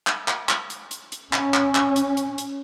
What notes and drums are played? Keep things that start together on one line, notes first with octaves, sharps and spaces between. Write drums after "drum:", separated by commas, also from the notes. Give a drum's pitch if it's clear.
drum: clap
drum: clap
drum: clap
drum: hi-hat
drum: hi-hat
drum: hi-hat
C#4, drum: clap
drum: clap
drum: clap
drum: hi-hat
drum: hi-hat
drum: hi-hat